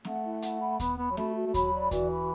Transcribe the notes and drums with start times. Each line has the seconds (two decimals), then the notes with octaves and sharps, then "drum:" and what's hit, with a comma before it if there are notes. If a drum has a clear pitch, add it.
0.05 A3 F#5, drum: snare
0.24 E4
0.42 F#5, drum: hi-hat
0.61 B5
0.80 B3 B5, drum: kick D#2, hi-hat
0.98 B3 B5
1.11 F#3
1.17 A3 F#4, drum: snare
1.35 F#4
1.47 A3
1.54 F#3 B5, drum: kick D#2, hi-hat
1.73 D5
1.91 E3 F#4, drum: kick D#2, hi-hat
2.10 B5